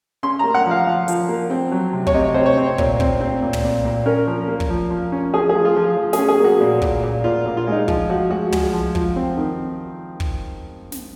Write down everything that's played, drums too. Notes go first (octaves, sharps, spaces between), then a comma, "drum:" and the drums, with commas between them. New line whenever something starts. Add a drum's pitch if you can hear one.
C#4 C6
A#5
A#3
F#5
F3
F5
F3
F3, drum: hi-hat
A#3
C4
F#3
C3
C#5, drum: kick
C3 D#5
C4 C5
C#5
C4
A#2, drum: kick
C4, drum: kick
C4
A#2
drum: tom
A#2
A#2
C#4 A#4
F3
A#3
drum: kick
F3
F3
C#4
F3 G#4
G#4
F3
F4
F3
F3
G#4, drum: snare
C#4
G#4
A#3
F#4
A#2
A#2, drum: kick
A#2
A#2 F4
A#2
F4
G#3 D#4
F3 F4, drum: kick
F3 F#4
G#3 F#4
G#3, drum: tom
F3
F3, drum: kick
C4
D#3
drum: kick
drum: snare